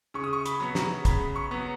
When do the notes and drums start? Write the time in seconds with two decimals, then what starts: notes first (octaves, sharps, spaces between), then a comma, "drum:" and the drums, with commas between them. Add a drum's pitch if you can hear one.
0.14 C#3 C#6
0.24 D#6
0.33 C#6
0.46 B5, drum: hi-hat
0.60 F#3 B3
0.75 A#5, drum: snare
1.05 C#3 B5, drum: kick, hi-hat
1.36 C#6
1.51 F#3 B3